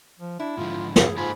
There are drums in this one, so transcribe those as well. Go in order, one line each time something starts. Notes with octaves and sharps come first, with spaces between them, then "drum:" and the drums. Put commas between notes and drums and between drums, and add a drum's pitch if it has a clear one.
F3
D4 E4
G#2 D3 F3 F4
G#4, drum: snare
G#2 A#3 F4 A4 G#5 B5